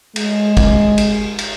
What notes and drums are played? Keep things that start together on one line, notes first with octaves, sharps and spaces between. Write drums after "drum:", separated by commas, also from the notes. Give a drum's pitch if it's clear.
G#3, drum: cymbal
drum: kick, cymbal
drum: cymbal
drum: cymbal